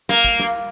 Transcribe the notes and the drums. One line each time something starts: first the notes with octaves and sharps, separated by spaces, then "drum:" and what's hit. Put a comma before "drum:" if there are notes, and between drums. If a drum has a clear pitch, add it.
A#3, drum: snare
drum: kick
drum: snare